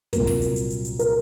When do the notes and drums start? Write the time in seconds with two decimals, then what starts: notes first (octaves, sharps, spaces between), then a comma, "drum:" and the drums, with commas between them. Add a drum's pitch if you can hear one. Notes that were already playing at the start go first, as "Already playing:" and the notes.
0.13 C2 A#2 F#3 A#4, drum: kick, hi-hat
0.27 drum: kick, open hi-hat
0.42 drum: hi-hat
0.56 drum: hi-hat
0.70 drum: hi-hat
0.85 drum: hi-hat
0.99 A#4, drum: hi-hat